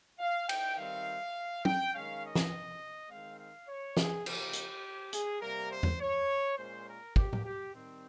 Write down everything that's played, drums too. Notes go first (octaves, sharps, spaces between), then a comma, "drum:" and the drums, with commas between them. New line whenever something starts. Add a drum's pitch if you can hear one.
F5
G5, drum: cymbal
D#3 G3 C4 F5
G5, drum: tom
D#3 G#3 C#4 F5
D#5
drum: snare
D#3 G#3 C4 F5
F5
C#5
G#4, drum: snare
C#3 F3 A#3 G4, drum: cymbal
drum: hi-hat
G#4, drum: hi-hat
C3 G3 A#3 A#4
C5
drum: tom E2
C#5
A#2 G#3 C#4 C5
A#4
G4, drum: kick
drum: tom A2
G4
D#3 G3 C4